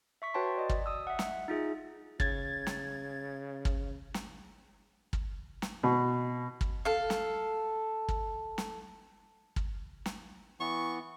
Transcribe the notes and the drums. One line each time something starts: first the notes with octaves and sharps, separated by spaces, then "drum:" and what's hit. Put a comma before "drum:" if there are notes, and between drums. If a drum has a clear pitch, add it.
E5 C#6 B6
F#4 B4 C#5 G5 A5 C6
D5 D#5
drum: kick
D#6 E6
E5 F#5
drum: snare
D#4 F4 G#4 E5
C#3 G#6 A6, drum: kick
drum: snare
drum: kick
drum: snare
drum: kick
drum: snare
B2
drum: kick
A4 F5
drum: snare
drum: kick
drum: snare
drum: kick
drum: snare
E3 B3 C#6